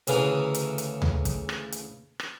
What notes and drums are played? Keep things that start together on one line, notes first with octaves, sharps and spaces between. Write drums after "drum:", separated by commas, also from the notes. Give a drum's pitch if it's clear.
D2 C#3 E3 A#5 D#6, drum: hi-hat
drum: hi-hat
drum: hi-hat
drum: tom D2
drum: kick, hi-hat
drum: rim click
drum: hi-hat
drum: rim click